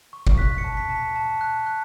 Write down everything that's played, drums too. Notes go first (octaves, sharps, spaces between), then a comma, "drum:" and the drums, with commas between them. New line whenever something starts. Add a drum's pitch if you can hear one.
C#6
drum: kick G1
F#6 B6
C#7
A5
B6
A5
B6
A5
F#6
F#6